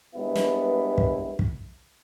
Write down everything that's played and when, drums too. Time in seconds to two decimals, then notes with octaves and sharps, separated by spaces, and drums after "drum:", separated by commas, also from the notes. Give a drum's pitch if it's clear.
0.15 G#1 G2 B3 E4
0.36 drum: snare
0.98 drum: kick
1.39 drum: kick